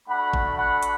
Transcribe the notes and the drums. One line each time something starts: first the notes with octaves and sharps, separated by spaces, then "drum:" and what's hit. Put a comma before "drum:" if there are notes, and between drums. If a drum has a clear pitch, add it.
A3 D4 F#4 F#5 B5
drum: kick G#1
F#5 B5
drum: hi-hat